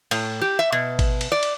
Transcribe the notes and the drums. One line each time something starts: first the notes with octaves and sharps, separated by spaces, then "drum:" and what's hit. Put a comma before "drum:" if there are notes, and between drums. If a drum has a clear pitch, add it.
A2, drum: cymbal
G4
E5
B2
drum: kick G#1, cymbal
drum: cymbal
D5
drum: cymbal